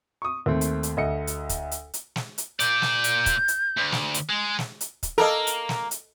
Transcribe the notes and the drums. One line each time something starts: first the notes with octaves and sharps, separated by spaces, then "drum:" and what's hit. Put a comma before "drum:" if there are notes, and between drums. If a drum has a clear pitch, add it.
C#6 D#6
D#2 A3 C4
drum: hi-hat
drum: hi-hat
D2 D#5 C#7
drum: hi-hat
drum: kick, hi-hat
drum: hi-hat
drum: hi-hat
drum: snare
drum: hi-hat
A#2 D5 G6, drum: hi-hat
drum: snare
drum: hi-hat
drum: kick, hi-hat
drum: hi-hat
D2
drum: snare
drum: hi-hat
G#3
drum: snare
drum: hi-hat
drum: kick, hi-hat
A#3 A4 A#4 D#5
drum: hi-hat
drum: snare
drum: hi-hat